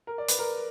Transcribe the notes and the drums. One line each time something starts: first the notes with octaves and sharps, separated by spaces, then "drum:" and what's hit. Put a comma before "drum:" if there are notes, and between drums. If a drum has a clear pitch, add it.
A#4
D5
B4, drum: hi-hat
A#4